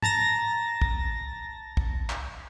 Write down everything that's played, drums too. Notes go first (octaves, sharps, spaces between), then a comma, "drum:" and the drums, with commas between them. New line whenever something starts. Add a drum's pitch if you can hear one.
A5 A#5 A6 A#6, drum: tom
drum: kick
drum: kick
drum: clap